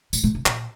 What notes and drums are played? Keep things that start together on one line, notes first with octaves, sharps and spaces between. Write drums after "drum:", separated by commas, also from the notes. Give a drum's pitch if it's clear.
A2, drum: tambourine
A#2
C3
A#2, drum: clap